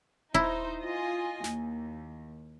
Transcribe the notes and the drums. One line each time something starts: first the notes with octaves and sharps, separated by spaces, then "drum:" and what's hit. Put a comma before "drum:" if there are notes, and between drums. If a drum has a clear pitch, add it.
D#4 E4 C5, drum: kick D#1
F4 D#5 G#5
D#2, drum: snare